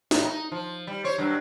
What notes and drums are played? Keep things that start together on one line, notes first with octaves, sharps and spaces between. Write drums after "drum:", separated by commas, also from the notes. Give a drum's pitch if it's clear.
A2 D#4, drum: snare
D#4
F3
G3
C5 C#5
G2 F#3